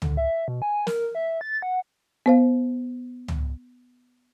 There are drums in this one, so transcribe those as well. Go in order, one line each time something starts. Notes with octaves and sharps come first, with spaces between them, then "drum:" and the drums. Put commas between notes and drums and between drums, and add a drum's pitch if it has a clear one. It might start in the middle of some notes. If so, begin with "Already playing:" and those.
D3, drum: tom C#2
E5
B2
G#5
A#4, drum: snare
E5
A6
F#5
B3 C5 F5
drum: tom C#2